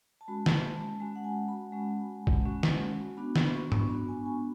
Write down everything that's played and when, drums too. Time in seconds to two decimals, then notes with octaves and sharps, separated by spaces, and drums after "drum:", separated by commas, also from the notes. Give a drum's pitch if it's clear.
0.21 A5
0.28 G#3 C#4 F#4 B5
0.46 drum: snare
0.64 A5
1.00 G#3 C#4 F#4 G#5
1.16 F#5
1.24 G#5
1.48 B5
1.72 G#3 C#4 F#4
2.27 drum: kick
2.45 G#3 C#4 F#4
2.63 drum: snare
3.17 B3 D4 F#4 B5
3.36 drum: snare
3.46 B5
3.54 C#6
3.72 drum: tom
3.90 B3 D4 F#4 B5
4.08 G#5
4.26 G#5